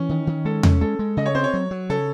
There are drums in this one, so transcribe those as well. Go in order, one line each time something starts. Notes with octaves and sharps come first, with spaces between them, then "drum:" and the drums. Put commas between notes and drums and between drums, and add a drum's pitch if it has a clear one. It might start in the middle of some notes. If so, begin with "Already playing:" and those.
Already playing: E3 C#4
D#3
D#3
G#3 A4
C#4, drum: tom E2
G#3 A4
G#3
C#3 D#5
C#5
C4 C5
C#5
F#3
F#3
C#3 A4